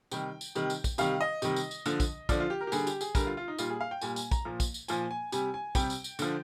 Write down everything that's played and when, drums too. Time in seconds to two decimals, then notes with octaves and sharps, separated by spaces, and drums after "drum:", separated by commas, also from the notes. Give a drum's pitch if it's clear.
0.11 C3 D#3 G3 G5, drum: tambourine
0.41 drum: tambourine
0.55 C3 D#3 G3, drum: tambourine
0.70 drum: tambourine
0.84 drum: kick, tambourine
0.98 C3 D#3 G3 F5, drum: tambourine
1.21 D#5
1.42 C3 D#3 G3, drum: tambourine
1.56 drum: tambourine
1.71 drum: tambourine
1.86 D3 F3, drum: tambourine
2.00 drum: kick, tambourine
2.29 D3 F3 D5, drum: kick, tambourine
2.40 F4
2.50 G4
2.61 A#4
2.67 G4
2.72 D3 G3 G#4, drum: tambourine
2.87 G4, drum: tambourine
3.01 G#4, drum: tambourine
3.15 D3 G3 A#4, drum: kick, tambourine
3.27 F4
3.37 F4
3.48 D#4
3.58 A#2 G3 F4, drum: tambourine
3.70 G#4
3.81 F5
3.91 G5
4.01 A#2 G3 G#5, drum: tambourine
4.16 G#5, drum: tambourine
4.31 A#5, drum: kick, tambourine
4.45 A#2 F3
4.60 drum: kick, tambourine
4.74 drum: tambourine
4.88 A#2 F3 G#5, drum: tambourine
5.11 G#5
5.32 C3 G3 G#5, drum: tambourine
5.54 G#5
5.75 C3 G3 G5, drum: kick, tambourine
5.90 drum: tambourine
6.04 drum: tambourine
6.19 D3 F3, drum: tambourine